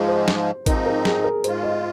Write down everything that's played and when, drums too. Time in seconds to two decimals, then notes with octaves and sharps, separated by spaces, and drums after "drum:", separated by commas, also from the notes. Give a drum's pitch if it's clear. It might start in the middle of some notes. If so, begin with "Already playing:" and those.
Already playing: G#2 F3 G#3
0.08 C5
0.28 drum: snare
0.66 G#2 F3 C4 D#4 A#4, drum: kick, hi-hat
0.86 A#4
1.05 G#4, drum: snare
1.24 A#4
1.44 G#2 G#3 F4 C5, drum: hi-hat
1.63 D#5